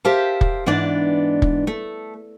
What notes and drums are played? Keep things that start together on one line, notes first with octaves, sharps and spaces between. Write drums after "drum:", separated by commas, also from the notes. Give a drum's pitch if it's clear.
G4 A#4 C5 E5 F5 A5
drum: kick
G#2 E3 B3 D4 D5
drum: kick
A3